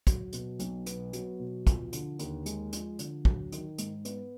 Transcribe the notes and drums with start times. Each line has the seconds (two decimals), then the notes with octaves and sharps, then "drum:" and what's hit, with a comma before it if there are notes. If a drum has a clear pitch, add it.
0.07 F#3, drum: kick, hi-hat
0.33 B2, drum: hi-hat
0.59 B1, drum: hi-hat
0.86 B3, drum: hi-hat
1.13 F#3, drum: hi-hat
1.39 B2
1.67 F3, drum: kick, hi-hat
1.93 D3, drum: hi-hat
2.19 D#2, drum: hi-hat
2.46 G#3, drum: hi-hat
2.73 F3, drum: hi-hat
2.99 D3, drum: hi-hat
3.25 F#3, drum: kick
3.52 D#3, drum: hi-hat
3.78 G#2, drum: hi-hat
4.05 B3, drum: hi-hat